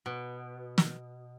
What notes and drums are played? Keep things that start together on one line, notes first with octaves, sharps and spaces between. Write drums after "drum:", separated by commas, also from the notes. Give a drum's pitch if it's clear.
B2
drum: snare